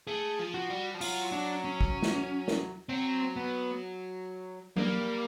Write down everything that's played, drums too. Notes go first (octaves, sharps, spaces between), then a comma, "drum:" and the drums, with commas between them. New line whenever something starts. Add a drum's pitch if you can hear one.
A3 G#4
F3
F#4
G3
F3
F#3 F4, drum: open hi-hat
D4
C#4
drum: kick
drum: snare
drum: snare
F#3 C4
B3
G3 A#3, drum: tom F#3